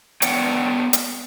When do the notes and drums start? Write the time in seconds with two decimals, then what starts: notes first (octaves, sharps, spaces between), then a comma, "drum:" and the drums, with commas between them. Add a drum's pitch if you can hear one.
0.22 B3 D4 C#5 F#5 G5, drum: hi-hat
0.93 drum: hi-hat